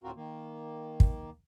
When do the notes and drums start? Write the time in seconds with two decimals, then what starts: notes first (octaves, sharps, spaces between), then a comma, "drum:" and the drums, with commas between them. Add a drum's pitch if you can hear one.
0.04 D2 A2 C4 F4 F#4 A#4
0.16 D#3 A#3
1.00 drum: kick